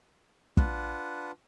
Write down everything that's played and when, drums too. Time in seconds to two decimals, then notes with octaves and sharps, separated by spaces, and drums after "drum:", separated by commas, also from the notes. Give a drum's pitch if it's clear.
0.57 D4 F4 B4 F#5, drum: kick